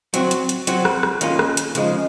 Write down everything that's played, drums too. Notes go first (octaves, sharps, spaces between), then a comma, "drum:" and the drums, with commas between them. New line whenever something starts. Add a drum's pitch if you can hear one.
F#3 C4 F#4, drum: hi-hat
drum: hi-hat
drum: hi-hat
F#3 C4 F#4, drum: hi-hat
drum: rim click
drum: rim click
D#3 A#3 C#4 F4, drum: hi-hat
drum: rim click
drum: hi-hat
C#3 F3 G#3 D#4, drum: hi-hat